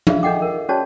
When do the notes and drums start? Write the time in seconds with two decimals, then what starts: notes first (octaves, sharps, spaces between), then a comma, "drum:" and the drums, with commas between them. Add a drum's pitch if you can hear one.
0.07 F4 G#4 E5 F5, drum: tom
0.23 D4 A4 D#5 F#5 G5 D6
0.42 A#4
0.69 C#4 F#4 G#4 C#5 D5 A5